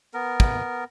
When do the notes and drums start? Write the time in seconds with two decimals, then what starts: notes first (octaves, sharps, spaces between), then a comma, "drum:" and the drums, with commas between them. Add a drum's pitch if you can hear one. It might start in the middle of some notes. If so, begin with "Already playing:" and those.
0.14 B3 A#4
0.40 drum: kick